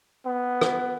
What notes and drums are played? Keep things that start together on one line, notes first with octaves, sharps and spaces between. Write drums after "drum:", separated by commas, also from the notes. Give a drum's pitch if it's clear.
B3
drum: rim click